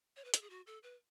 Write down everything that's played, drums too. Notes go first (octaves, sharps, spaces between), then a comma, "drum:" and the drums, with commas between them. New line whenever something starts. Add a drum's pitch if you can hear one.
C#5
B4
A4, drum: hi-hat
G#4
F#4
A4
B4